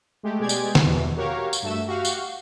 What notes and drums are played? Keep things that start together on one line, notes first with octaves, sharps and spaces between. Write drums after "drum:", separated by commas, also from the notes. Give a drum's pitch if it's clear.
G#3 A3 G4
B2 G#3 G4 G#4 D5 G#6
drum: tambourine
drum: snare
E2 B2 E3
F#4 G4 A#4 C#5 F5
drum: tambourine
G2 A3 F#4 E5 E7
F#4 G4 F5
drum: tambourine